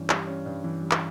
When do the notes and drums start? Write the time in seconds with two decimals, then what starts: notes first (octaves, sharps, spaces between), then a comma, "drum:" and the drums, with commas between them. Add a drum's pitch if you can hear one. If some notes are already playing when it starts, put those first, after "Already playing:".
Already playing: G2 E3 C#4
0.10 G3, drum: clap
0.28 C#4
0.46 G2
0.64 E3
0.82 G3
0.91 drum: clap